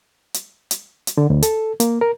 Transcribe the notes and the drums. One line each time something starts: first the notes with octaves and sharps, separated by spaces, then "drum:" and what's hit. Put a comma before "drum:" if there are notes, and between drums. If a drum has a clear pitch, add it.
drum: hi-hat
drum: hi-hat
drum: hi-hat
D3
D2
A4, drum: hi-hat
A#3, drum: hi-hat
A#4